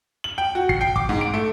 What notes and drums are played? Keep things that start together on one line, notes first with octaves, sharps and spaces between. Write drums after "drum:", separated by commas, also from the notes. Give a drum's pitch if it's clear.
F#7
G5
F#4
C7, drum: kick
G5
D6, drum: kick
G#2
D7
A3